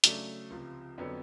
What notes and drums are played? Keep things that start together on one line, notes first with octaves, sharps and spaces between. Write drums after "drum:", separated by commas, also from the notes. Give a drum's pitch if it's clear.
C#3 F#3 A3 D4, drum: hi-hat
C#2 C3 F3
F2 D3 F#3 B3